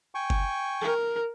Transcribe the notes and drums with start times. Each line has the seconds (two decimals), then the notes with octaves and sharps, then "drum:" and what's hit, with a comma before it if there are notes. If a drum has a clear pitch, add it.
0.15 G5 G#5 C#6
0.30 drum: kick F#1
0.81 A#4